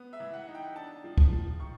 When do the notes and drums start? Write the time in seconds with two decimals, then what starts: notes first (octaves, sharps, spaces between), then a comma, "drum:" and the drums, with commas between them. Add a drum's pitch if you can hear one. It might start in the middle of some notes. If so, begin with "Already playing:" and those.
Already playing: B3
0.13 E5
0.20 E3
0.34 F#5
0.47 D#4
0.55 G5
0.75 D4 A5
1.04 F3
1.18 drum: kick
1.31 F3
1.60 D#3 C#6